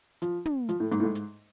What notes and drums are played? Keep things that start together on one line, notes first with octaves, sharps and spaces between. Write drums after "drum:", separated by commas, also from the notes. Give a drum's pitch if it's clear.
F3, drum: hi-hat
drum: tom
F3, drum: hi-hat
A2
G#2, drum: hi-hat
A2
G#2
drum: hi-hat